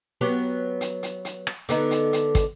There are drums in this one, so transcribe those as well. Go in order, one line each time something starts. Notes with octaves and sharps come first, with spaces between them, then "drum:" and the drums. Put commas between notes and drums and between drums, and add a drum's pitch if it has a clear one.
F#3 B3 G4
drum: hi-hat
drum: hi-hat
drum: hi-hat
drum: rim click
D3 B3 D#4, drum: hi-hat
drum: hi-hat
drum: hi-hat
drum: kick, hi-hat